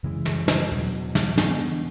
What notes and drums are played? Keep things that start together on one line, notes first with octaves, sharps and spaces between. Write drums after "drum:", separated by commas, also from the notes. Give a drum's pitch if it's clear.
F#2 C#3 E3 G#3
drum: snare
drum: snare
E2 B2 F#3
drum: snare
G#2 E3 B3 D4, drum: snare